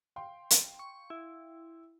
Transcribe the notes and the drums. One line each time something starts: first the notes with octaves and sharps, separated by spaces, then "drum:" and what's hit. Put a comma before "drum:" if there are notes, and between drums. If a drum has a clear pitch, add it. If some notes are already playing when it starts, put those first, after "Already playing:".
F5 G5 C6
drum: hi-hat
C#6
E4